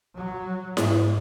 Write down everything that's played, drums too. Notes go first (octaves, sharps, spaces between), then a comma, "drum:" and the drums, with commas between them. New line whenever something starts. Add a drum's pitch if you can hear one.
F#3
G#2, drum: snare E4